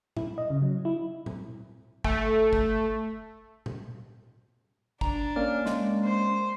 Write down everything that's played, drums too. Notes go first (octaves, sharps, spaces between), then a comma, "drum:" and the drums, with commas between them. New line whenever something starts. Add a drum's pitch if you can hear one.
E4, drum: tom A#2
D#5
C#3
F#3
E4
drum: tom A#2
A3, drum: kick
drum: kick
drum: tom A#2
D4 A#5, drum: kick
A#3 C#4 D5 F6
G#3, drum: snare
C5